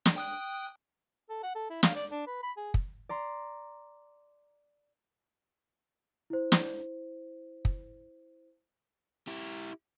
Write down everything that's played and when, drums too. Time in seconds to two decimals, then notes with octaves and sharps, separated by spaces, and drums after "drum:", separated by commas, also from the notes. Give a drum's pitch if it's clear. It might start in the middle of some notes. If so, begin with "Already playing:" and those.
0.06 drum: snare
0.16 G5 D#6 F#6
1.30 A4
1.43 F#5
1.55 A4
1.70 E4
1.83 F5, drum: snare
1.95 D5
2.11 D4
2.27 B4
2.43 B5
2.57 G#4
2.74 drum: kick
3.09 D5 A#5 C6
6.30 E4 C5
6.52 drum: snare
7.65 drum: kick
9.27 E4 G4